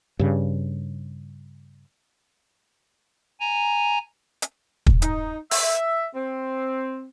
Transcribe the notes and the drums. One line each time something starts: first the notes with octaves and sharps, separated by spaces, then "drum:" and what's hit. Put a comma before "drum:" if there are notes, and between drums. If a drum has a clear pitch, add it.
G2 C#3
G#5 A#5
drum: hi-hat
drum: kick
D#4, drum: hi-hat
E5, drum: open hi-hat
C4